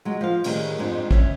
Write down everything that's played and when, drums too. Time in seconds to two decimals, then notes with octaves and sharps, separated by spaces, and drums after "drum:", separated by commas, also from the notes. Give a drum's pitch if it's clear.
0.05 F#3 G#3
0.21 F3 F5
0.44 A2 D3 D#3 G3 G#4, drum: cymbal
0.78 F2 G#2 D4
1.11 C#4 E5, drum: kick